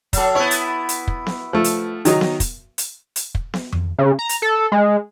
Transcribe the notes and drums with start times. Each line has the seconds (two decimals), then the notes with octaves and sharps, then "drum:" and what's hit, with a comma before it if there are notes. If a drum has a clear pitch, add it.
0.13 F#3 A4, drum: kick, hi-hat
0.35 B3 E4 C#5
0.51 drum: hi-hat
0.89 drum: hi-hat
1.08 drum: kick
1.26 drum: snare B3
1.53 F3 A3
1.64 drum: hi-hat
2.05 D#3 F#3 D#4, drum: hi-hat
2.21 drum: snare B3
2.40 drum: kick, hi-hat
2.78 drum: hi-hat
3.16 drum: hi-hat
3.35 drum: kick
3.54 drum: snare B3
3.72 drum: tom F2
3.98 C#3
4.19 A#5
4.29 drum: hi-hat
4.42 A4
4.72 G#3